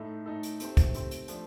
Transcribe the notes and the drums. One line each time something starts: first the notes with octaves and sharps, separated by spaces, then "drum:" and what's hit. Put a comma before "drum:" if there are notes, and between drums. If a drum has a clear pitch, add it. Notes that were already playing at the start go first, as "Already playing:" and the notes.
Already playing: A2 A3 D#4 A4
A2 A3 D#4 A4
drum: hi-hat
A3 C4 G4 C5, drum: hi-hat
drum: kick, hi-hat
A3 C4 G4 C5, drum: hi-hat
drum: hi-hat
F3 A3 D4, drum: hi-hat